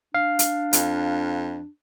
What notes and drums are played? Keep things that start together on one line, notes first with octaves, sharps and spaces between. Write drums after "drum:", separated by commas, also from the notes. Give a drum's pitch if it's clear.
D4 F5
drum: hi-hat
F2, drum: hi-hat